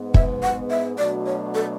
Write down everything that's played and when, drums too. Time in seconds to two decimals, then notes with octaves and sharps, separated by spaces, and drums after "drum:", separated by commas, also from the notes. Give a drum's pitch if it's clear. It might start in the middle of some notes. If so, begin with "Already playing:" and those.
Already playing: G#2 G#3 B3
0.14 E5, drum: kick
0.43 F#5
0.70 E5
0.98 B2 F#3 A3 D4 F#4 D5
1.26 C#5
1.55 A4